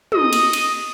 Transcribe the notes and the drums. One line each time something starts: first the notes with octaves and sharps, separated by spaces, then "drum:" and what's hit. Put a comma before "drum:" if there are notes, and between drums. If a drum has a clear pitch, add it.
D#5 D#6, drum: tom
drum: cymbal
drum: cymbal